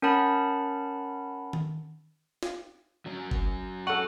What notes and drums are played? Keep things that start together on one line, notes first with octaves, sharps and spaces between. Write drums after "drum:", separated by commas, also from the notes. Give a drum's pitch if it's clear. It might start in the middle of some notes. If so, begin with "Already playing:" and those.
C#4 A#4 F#5 A5 B5
drum: tom D#3
drum: snare
F#2 F#3
drum: kick G1
A4 F#5 C#6 F#7